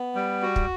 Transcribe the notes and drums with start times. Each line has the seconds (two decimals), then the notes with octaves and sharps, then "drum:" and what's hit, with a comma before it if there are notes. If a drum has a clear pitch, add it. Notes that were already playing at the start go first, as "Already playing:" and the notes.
Already playing: B3
0.15 G3
0.42 F#4
0.56 drum: kick